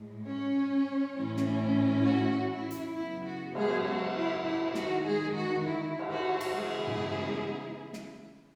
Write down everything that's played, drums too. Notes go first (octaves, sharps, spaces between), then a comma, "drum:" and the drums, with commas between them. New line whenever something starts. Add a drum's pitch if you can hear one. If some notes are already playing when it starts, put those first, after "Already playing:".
Already playing: A2 G#3
C#4 C#5
A2 E3 A3 C#4 E4
drum: snare
F#4
E4
drum: hi-hat
C#3 F#3 B3 E4
F#4
G#3 G#4, drum: cymbal
F#4
E4
E4
D#3 G#3 D#4 F#4, drum: snare
G#3 G#4
F#4
E4
drum: cymbal
F#4
drum: cymbal
C#3 E3 G#3 B3 E4 G#4
drum: tom G2
drum: snare